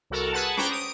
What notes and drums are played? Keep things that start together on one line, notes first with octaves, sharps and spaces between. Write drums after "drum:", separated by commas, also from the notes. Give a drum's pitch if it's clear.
C2 F#4 A4 A#4
G#4 B4 F#5 A5
C5 G5 A#5 B5 C#6 D6, drum: snare C#4
D#6 D7